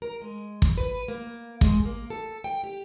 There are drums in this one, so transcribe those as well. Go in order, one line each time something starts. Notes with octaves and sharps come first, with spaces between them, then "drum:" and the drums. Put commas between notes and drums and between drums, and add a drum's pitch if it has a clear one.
A#4
G#3
drum: kick
B4
A#3
G#3, drum: kick
A#3
A4
G5
G4